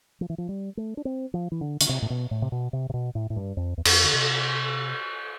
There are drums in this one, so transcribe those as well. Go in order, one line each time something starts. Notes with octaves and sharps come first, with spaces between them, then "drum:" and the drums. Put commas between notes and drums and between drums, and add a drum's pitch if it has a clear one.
F3
E3
F3
G3
A3
D4
C4
F3
E3
D3
D3, drum: hi-hat
C3
A2
B2
A2
C3
B2
C3
C3
B2
A2
A2
G2
F2
E2
F2, drum: cymbal
D3
C3